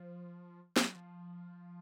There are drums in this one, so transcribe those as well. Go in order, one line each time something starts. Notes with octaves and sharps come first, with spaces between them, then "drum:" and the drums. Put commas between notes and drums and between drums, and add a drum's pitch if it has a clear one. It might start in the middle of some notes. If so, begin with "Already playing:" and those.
Already playing: F3
F3, drum: snare
F#3
F3